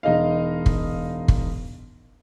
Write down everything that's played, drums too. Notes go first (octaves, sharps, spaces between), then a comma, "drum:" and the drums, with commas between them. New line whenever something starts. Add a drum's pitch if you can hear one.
E1 D#4 D#5 F5
drum: kick
drum: kick